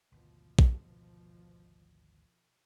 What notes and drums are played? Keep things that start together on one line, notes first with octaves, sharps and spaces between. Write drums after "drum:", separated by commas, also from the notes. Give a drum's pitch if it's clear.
G#1 D2 B2 F3
drum: kick